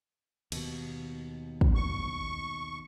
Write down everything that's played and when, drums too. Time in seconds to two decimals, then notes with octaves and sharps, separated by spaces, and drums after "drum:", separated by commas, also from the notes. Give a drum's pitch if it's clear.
0.52 D#2 B2, drum: cymbal
1.61 drum: kick
1.75 C#6